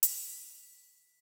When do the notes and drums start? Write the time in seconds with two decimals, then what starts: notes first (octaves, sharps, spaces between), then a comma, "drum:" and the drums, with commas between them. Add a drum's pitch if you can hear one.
0.03 B6, drum: hi-hat